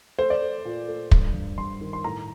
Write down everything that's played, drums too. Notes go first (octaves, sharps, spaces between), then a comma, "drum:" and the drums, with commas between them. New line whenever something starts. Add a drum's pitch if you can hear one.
A3 C5
D5
A3
A#2
A3
G2, drum: kick
G2
G2 C6
D#3
C6
A2 A#5